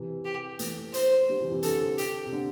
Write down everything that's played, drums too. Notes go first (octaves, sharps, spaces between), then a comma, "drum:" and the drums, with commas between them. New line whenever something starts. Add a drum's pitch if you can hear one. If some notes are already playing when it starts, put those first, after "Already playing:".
Already playing: C3 E3
G4
E3 A3, drum: hi-hat
C5, drum: hi-hat
D3 G3
C3 E3
C3 E3
D3 A4, drum: hi-hat
G4, drum: hi-hat
C3
D3